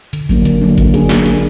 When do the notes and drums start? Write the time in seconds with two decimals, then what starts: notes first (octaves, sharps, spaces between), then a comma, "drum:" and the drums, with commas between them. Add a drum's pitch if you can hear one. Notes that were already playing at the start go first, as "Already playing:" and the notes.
0.13 D3, drum: hi-hat
0.29 F#3 A#3 D4, drum: kick G1, open hi-hat
0.45 D3, drum: hi-hat
0.61 F#3 A#3 D4
0.78 A#3, drum: kick G1, hi-hat
0.94 D4 G#4, drum: hi-hat
1.09 A#3, drum: snare
1.25 D4 G#4, drum: hi-hat